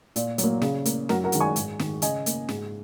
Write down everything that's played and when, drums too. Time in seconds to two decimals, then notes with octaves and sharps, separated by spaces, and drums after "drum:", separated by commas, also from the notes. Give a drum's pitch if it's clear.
0.16 A#2, drum: hi-hat
0.38 F#3, drum: hi-hat
0.43 A#3
0.62 C#3, drum: snare
0.85 A#3, drum: hi-hat
1.09 F#2 F#4 A#4, drum: snare
1.24 F#4 A#4
1.32 D#3 G#3, drum: hi-hat
1.41 G#5 C#6
1.56 G#2, drum: hi-hat
1.79 D#3 G#3, drum: snare
2.02 C#3 D#5 G#5, drum: hi-hat
2.26 A#3, drum: hi-hat
2.49 G#2, drum: snare